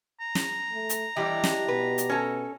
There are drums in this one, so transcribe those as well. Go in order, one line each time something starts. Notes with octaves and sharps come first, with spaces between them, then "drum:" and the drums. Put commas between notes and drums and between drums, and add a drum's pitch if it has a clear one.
A#5
drum: snare
A3
drum: hi-hat
E2 G3 D4 E4 G4 D#5
drum: snare
B2 B4
drum: hi-hat
C#4 A4